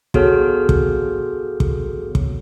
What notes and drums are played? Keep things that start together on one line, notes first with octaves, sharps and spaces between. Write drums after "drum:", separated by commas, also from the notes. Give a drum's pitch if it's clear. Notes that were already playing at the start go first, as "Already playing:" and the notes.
B3 F#4 G#4 A4 C#5 F6, drum: kick
drum: kick
drum: kick
drum: kick